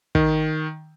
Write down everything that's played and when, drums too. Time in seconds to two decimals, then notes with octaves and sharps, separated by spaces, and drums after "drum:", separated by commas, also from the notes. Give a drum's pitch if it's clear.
0.15 D#3, drum: kick